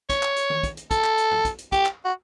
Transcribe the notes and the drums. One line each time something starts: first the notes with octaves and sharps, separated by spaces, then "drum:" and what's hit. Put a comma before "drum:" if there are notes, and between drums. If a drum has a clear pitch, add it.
C#5, drum: kick, hi-hat
drum: clap
drum: hi-hat
drum: tom D#3
drum: kick, hi-hat
drum: hi-hat
A4, drum: kick, hi-hat
drum: clap
drum: hi-hat
drum: tom G2
drum: kick, hi-hat
drum: hi-hat
G4, drum: kick, hi-hat
drum: clap
F#4